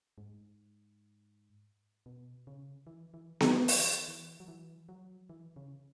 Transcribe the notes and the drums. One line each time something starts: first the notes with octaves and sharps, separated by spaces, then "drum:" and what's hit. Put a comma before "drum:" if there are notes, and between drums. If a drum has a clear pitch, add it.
G#2
B2
C#3
E3
E3
E3, drum: snare B3
E3, drum: open hi-hat
E3
F#3
E3
F#3
E3
C#3